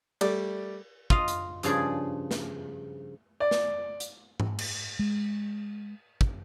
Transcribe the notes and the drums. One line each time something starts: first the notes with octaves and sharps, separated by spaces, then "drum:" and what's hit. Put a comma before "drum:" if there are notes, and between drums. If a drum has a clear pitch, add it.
G3 A3 D5 D6, drum: cymbal
F4 D#5 F5, drum: kick
drum: hi-hat
G2 C#3 F3 G#4 D5, drum: hi-hat
drum: snare
D5
drum: snare
drum: hi-hat
drum: tom G#2
drum: cymbal
G#3
drum: kick